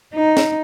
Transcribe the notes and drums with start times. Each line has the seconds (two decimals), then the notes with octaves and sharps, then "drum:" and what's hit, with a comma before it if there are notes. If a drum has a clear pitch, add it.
0.15 D#4
0.37 drum: snare